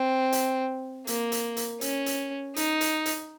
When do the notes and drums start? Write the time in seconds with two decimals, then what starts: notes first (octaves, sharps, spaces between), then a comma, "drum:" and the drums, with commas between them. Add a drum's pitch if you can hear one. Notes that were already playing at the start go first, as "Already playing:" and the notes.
Already playing: C4
0.32 drum: hi-hat
1.07 A#3, drum: hi-hat
1.32 drum: hi-hat
1.57 drum: hi-hat
1.81 C#4, drum: hi-hat
2.06 drum: hi-hat
2.56 D#4, drum: hi-hat
2.81 drum: hi-hat
3.06 drum: hi-hat